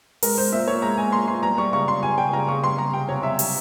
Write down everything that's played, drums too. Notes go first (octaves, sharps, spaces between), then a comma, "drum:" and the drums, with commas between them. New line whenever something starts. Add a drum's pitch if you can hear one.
G#3 A#4, drum: open hi-hat
G#3 C5
A#2 E5
A#2 C#5
G#3 A#5
G#3 G#5
A#2 C6
A#2 C6
G3 A#5
G3 C#6
C#3 C#6
C#3 C6
G3 G#5
G3 G5
C#3 A#5
C#3 C#6
G3 C6
G3 A#5
C3 G5
C3 C#5
G3 E5
G3, drum: open hi-hat